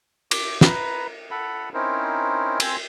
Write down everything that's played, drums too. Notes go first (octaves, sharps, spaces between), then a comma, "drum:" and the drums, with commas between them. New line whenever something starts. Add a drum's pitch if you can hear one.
D6, drum: cymbal
B4 A#5, drum: snare
A4 F#5 B5
C4 C#4 D#4 E4 A#4 C5
C4 C5 G#5 E6, drum: cymbal